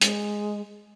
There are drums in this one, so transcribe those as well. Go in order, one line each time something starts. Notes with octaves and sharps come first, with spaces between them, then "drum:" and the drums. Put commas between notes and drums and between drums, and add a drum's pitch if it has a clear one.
G#3, drum: hi-hat